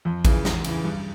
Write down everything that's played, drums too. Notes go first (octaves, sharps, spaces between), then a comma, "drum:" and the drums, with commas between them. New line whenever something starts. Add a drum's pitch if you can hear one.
F2
C#3 E3, drum: kick A1, cymbal
E2, drum: snare
C#3 E3, drum: cymbal
G2